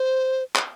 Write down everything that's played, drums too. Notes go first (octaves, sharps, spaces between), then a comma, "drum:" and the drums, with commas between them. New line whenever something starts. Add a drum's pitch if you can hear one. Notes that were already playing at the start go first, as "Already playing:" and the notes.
Already playing: C5
drum: clap